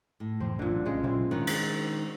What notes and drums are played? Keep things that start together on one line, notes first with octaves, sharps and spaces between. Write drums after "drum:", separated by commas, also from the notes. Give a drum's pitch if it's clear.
A2
F2 E3 C4
A#1 A#2 D3 F#3 D4
C#3 G#3
A#2 F#3 C4 E4 F4
D#3 G#3 C#4 D4 B4 C#5 F#5
drum: cymbal